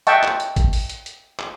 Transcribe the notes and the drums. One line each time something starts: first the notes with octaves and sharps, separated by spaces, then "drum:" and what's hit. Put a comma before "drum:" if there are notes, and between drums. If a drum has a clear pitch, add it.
D#5 E5 F#5 G5 A5 C#6, drum: hi-hat
drum: clap
drum: hi-hat
drum: kick G#1, hi-hat
drum: open hi-hat
drum: hi-hat
drum: hi-hat
drum: clap